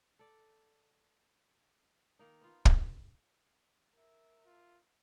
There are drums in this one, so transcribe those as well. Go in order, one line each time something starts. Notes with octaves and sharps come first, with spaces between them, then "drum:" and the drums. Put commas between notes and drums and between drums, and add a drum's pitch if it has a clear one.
A4 D5
D#3 A#3 D#4
B3 F4
drum: kick
A#4 E5
F4